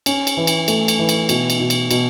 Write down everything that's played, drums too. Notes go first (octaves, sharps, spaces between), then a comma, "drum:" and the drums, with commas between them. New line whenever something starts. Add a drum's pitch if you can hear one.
C#4, drum: cymbal
drum: cymbal
E3
drum: cymbal
A3, drum: cymbal
drum: cymbal
E3
drum: cymbal
B2, drum: cymbal
drum: cymbal
B2
drum: cymbal
B2, drum: cymbal